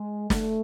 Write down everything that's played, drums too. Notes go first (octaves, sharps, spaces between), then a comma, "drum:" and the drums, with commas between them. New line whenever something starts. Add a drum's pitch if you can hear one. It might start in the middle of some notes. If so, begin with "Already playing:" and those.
Already playing: G#3
A3, drum: snare